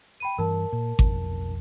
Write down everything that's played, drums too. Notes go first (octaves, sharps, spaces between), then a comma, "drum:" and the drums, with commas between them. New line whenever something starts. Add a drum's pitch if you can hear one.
G5 B5 D#7
G2 E3 A#4 A5
A#2
F1 B1 F2, drum: kick G#1